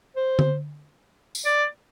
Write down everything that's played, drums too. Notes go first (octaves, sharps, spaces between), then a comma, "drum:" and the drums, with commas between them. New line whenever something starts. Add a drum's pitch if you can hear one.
C5
drum: tom D3
drum: tambourine
D5